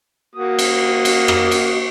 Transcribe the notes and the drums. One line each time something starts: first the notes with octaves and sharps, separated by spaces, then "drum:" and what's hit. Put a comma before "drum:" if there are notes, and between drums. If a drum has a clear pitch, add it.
A#3 F#4 D#6
drum: cymbal
drum: cymbal
drum: rim click
drum: cymbal